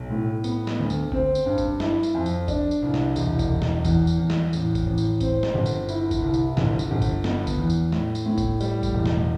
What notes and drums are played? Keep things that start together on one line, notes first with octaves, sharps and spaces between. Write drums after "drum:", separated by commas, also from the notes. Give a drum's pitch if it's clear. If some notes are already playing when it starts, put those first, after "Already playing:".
Already playing: B1
A2
B3, drum: tambourine
drum: snare
D2
drum: tambourine
C4, drum: kick G1
drum: tambourine
G2
drum: kick G1, tambourine
E4, drum: snare
drum: tambourine
F2
drum: tambourine
D4, drum: kick G1, tambourine
drum: tambourine
C2
drum: snare
E1, drum: tambourine
drum: kick G1, tambourine
E1
drum: snare
E2, drum: kick G1, tambourine
drum: tambourine
E2
drum: snare
A1, drum: tambourine
drum: kick G1, tambourine
A1
drum: tambourine
C4, drum: kick G1, tambourine
drum: snare
G1
drum: tambourine
E4, drum: tambourine
drum: kick G1, tambourine
C2
drum: tambourine
G1, drum: snare
drum: tambourine
G1
drum: kick G1, tambourine
B3, drum: snare
drum: kick G1, tambourine
E2
drum: tambourine
A2, drum: snare
drum: tambourine
A2
drum: kick G1, tambourine
G3, drum: tambourine
drum: kick G1, tambourine
E1
drum: snare